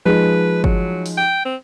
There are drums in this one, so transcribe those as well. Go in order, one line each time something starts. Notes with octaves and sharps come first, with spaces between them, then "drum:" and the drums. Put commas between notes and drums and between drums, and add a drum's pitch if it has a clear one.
F3 G#3 D#4 B4
F#3, drum: kick G1
drum: open hi-hat
G5
C4